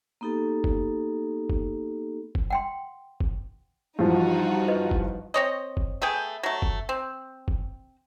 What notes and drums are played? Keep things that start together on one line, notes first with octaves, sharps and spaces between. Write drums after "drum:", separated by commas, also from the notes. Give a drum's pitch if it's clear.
A#3 B3 D#4 G4 A4
drum: kick
drum: kick
drum: kick
F#5 G5 C6
drum: kick
G2 E3 F3 D#4 F4 F#4
B4 D#5
drum: kick
C4 C#5 D#5
drum: kick
A3 B3 G#4 G5
F#3 A3
drum: kick
C4
drum: kick